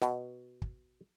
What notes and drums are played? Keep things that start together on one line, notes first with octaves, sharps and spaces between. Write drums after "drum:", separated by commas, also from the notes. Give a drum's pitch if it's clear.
B2, drum: snare
drum: kick